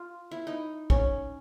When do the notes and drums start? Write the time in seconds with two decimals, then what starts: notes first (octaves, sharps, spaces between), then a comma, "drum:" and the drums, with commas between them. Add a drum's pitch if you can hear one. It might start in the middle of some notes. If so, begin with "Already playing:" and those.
Already playing: F4
0.31 E4
0.47 D#4
0.90 C#4, drum: kick